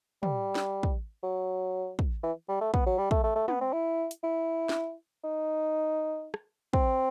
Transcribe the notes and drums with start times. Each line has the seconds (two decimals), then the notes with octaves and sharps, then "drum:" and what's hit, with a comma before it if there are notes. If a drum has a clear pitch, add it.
0.23 G3, drum: tom
0.55 drum: snare
0.83 drum: kick
1.23 F#3
1.99 drum: kick
2.23 E3
2.49 G3
2.61 A3
2.74 B3, drum: kick
2.86 F#3
2.98 G3
3.11 A3, drum: kick
3.24 A3
3.36 A3
3.48 B3, drum: tom
3.61 C4
3.73 E4
4.11 drum: hi-hat
4.24 E4
4.69 drum: snare
5.24 D#4
6.34 drum: rim click
6.73 C4, drum: kick